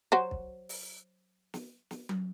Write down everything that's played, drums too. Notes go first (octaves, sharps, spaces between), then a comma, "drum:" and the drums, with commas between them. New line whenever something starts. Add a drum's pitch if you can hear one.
F#3 F#4 C5
drum: kick
drum: open hi-hat
drum: snare
drum: snare
drum: tom F#3